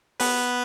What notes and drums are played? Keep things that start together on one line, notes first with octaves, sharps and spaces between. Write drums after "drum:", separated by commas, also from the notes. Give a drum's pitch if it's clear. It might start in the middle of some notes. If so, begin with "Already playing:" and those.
B3 B4, drum: open hi-hat